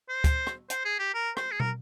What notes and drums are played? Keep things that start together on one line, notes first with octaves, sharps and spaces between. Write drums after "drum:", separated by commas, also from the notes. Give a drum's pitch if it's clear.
C5
drum: kick, hi-hat
drum: rim click
C5, drum: hi-hat
G#4
G4
A#4
C5, drum: rim click
G#4
A#4, drum: tom